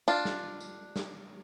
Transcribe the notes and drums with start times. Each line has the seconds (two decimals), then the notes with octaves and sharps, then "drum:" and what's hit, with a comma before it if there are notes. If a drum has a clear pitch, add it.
0.08 D4 F4
0.25 drum: snare
0.60 drum: tambourine
0.96 drum: snare